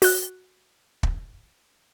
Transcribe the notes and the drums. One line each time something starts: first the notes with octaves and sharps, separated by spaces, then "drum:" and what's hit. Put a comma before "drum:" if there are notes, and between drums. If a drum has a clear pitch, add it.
F#4 F#6, drum: open hi-hat
drum: kick